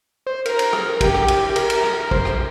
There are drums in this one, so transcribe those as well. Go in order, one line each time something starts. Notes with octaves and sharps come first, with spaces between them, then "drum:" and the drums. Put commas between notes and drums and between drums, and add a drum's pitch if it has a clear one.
C5
A#4, drum: cymbal
drum: cymbal
drum: rim click
A#4
G4, drum: kick, cymbal
drum: rim click
drum: cymbal
G4
A#4, drum: cymbal
drum: cymbal
drum: rim click
A#4
C5, drum: kick
drum: rim click